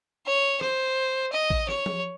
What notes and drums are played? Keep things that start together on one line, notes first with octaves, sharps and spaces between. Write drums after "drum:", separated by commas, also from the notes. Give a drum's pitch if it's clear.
C#5
C5, drum: rim click
D#5
drum: kick A1
C#5, drum: rim click
drum: tom F3